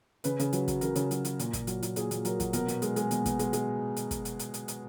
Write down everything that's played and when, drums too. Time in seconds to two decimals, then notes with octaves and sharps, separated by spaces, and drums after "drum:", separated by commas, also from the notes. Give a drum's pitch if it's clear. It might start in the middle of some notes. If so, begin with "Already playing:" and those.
0.24 C#3 B4, drum: hi-hat
0.39 C#3, drum: hi-hat
0.53 F#3 B4, drum: hi-hat
0.68 F#3, drum: kick, hi-hat
0.81 C#3 A#4, drum: hi-hat
0.95 C#3, drum: hi-hat
1.11 F#3, drum: hi-hat
1.25 F#3, drum: hi-hat
1.39 A#2, drum: hi-hat
1.53 A#2, drum: kick, hi-hat
1.67 F#3, drum: hi-hat
1.82 F#3, drum: hi-hat
1.96 A#2 G#4, drum: hi-hat
2.11 A#2, drum: hi-hat
2.25 F#3 A#4, drum: hi-hat
2.40 F#3, drum: kick, hi-hat
2.53 B2 A#4, drum: hi-hat
2.68 B2, drum: hi-hat
2.82 G#3, drum: hi-hat
2.96 G#3, drum: hi-hat
3.11 B2, drum: hi-hat
3.26 B2, drum: kick, hi-hat
3.39 G#3, drum: hi-hat
3.53 G#3, drum: hi-hat
3.96 drum: hi-hat
4.11 drum: kick, hi-hat
4.25 drum: hi-hat
4.39 drum: hi-hat
4.54 drum: hi-hat
4.68 drum: hi-hat